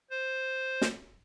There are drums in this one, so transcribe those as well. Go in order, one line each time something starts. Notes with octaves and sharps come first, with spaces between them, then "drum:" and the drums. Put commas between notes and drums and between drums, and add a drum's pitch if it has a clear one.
C5
drum: snare